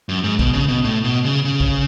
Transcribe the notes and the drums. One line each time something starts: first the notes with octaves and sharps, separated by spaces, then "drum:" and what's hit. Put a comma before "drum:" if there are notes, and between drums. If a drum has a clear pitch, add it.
F#2
G#2
B2, drum: kick
C#3
B2
A2
B2
C#3
C#3
drum: kick